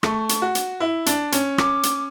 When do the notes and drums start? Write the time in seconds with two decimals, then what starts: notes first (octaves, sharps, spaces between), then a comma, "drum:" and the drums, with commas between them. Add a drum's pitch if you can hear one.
0.03 A3 C#6, drum: rim click
0.29 drum: hi-hat
0.42 F#4
0.55 drum: hi-hat
0.80 E4
1.06 D4, drum: hi-hat
1.32 C#4, drum: hi-hat
1.58 D6, drum: rim click
1.83 drum: hi-hat